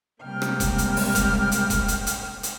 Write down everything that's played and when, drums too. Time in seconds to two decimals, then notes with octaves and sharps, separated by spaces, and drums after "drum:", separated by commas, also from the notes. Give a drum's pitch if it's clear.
0.23 C3 G3 G#3 A#3 G5 F6
0.42 drum: rim click
0.60 drum: kick E1, hi-hat
0.78 drum: hi-hat
0.97 drum: open hi-hat
1.15 drum: kick E1, hi-hat
1.52 drum: hi-hat
1.70 drum: kick E1, hi-hat
1.88 drum: hi-hat
2.07 drum: hi-hat
2.43 drum: hi-hat